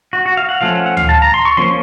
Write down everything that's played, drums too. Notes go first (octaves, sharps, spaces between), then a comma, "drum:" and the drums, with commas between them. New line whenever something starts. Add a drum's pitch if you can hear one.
F#4
F#4
F5
F#5
F3 A3 C#4 F5
F#5
F#5
F5, drum: tom D2
A5
A#5
C6
C#6
F3 A#3 C#4 C6